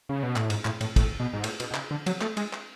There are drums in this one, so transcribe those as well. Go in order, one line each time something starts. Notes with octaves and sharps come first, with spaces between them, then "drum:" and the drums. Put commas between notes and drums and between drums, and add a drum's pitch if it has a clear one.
C#3
B2
A2, drum: clap
G#2, drum: cymbal
A2, drum: clap
A2, drum: cymbal
A2, drum: kick, cymbal
B2
G#2
A2, drum: cymbal
B2, drum: cymbal
B2
C#3, drum: clap
D3
F#3, drum: cymbal
A3, drum: clap
G#3, drum: cymbal
drum: clap